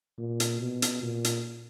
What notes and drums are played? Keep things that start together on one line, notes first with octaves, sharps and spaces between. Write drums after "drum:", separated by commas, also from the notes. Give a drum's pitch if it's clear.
A#2
drum: hi-hat
B2
drum: hi-hat
A#2
drum: hi-hat